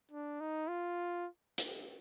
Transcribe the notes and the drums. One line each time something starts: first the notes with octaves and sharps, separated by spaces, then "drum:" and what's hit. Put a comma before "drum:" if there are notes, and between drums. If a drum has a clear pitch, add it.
D4
D#4
F4
drum: hi-hat